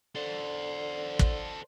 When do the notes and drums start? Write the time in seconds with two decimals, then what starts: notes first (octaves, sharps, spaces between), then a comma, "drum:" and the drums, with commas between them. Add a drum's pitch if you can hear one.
0.16 D3 A4 C5
1.19 drum: kick